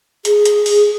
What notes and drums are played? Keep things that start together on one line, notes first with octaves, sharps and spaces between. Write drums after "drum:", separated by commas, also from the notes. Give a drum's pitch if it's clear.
G#4, drum: hi-hat
drum: hi-hat
drum: open hi-hat